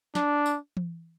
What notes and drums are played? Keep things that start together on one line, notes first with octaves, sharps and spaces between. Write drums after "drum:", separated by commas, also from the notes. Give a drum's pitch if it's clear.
D4, drum: snare
drum: tambourine
drum: tom E3